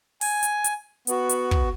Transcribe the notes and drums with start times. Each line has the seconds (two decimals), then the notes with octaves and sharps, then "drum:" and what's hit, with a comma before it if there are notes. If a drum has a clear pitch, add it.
0.21 G#5, drum: open hi-hat
0.43 drum: hi-hat
0.64 drum: hi-hat
1.07 B3 F#4, drum: hi-hat
1.30 drum: hi-hat
1.51 drum: kick